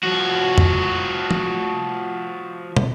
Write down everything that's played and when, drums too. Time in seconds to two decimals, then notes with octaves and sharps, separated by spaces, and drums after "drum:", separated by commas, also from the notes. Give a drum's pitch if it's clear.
0.03 F3 F#4
0.58 drum: tom F2
1.31 drum: tom
2.77 drum: tom